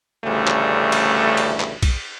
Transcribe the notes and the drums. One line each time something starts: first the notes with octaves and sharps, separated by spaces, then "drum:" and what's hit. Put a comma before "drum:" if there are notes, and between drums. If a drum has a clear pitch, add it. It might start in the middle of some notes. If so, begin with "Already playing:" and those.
A1 D2 C#3 G3 A3
drum: clap
drum: cymbal
drum: cymbal
drum: clap
drum: kick, cymbal